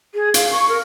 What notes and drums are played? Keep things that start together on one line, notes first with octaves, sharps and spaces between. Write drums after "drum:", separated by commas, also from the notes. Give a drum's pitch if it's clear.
G#4
F5, drum: hi-hat
C#6
A#4